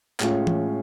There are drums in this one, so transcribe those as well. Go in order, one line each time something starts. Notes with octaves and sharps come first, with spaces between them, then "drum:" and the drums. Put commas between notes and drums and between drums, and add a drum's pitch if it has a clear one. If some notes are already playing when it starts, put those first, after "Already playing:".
A2 G#3 C#4 F4, drum: clap
drum: tom E3